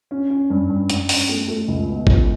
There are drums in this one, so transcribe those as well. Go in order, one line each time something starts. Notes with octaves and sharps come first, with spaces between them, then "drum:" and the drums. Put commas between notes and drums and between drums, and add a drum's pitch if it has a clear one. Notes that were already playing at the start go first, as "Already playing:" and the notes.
C#4
C#4
G2
G2
G2, drum: hi-hat
C#4, drum: open hi-hat
A3
A3
C#2
B2
C#2, drum: kick